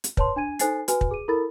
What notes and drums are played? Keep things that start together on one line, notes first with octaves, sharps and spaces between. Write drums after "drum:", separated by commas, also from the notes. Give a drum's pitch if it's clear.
drum: hi-hat
B4 C#5 A5 C6, drum: kick
D4 G#5 G#6 D#7
D#4 A4 C5 G#5 A6 C7, drum: hi-hat
F#4 B4 G#5, drum: hi-hat
drum: kick
G#4 D#7
E4 A4 A#4 B5 A6